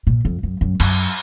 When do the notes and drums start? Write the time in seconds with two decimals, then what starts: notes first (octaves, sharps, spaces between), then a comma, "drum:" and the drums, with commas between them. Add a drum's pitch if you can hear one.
0.07 A#2
0.25 F2
0.43 F#2
0.61 F#2
0.80 F#2, drum: cymbal